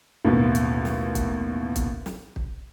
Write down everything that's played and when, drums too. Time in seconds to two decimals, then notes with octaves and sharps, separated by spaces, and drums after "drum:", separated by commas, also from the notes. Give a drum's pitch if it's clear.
0.25 A1 D#2 B2
0.55 drum: hi-hat
0.85 drum: snare
1.15 drum: kick, hi-hat
1.76 drum: kick, hi-hat
2.06 drum: snare
2.36 drum: kick